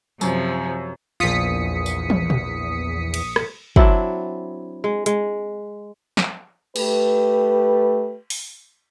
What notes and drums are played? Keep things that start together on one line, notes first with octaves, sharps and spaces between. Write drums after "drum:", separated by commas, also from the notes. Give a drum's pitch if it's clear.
F#2 C3 F3, drum: tambourine
A#1 E2 F4 D#6 B6 C#7
drum: tambourine
drum: tom
drum: tom A#2
drum: cymbal
drum: rim click
F#3 C4 D4 E4, drum: kick
G#3
G#3, drum: hi-hat
drum: snare
A3 G4 B4, drum: cymbal
drum: open hi-hat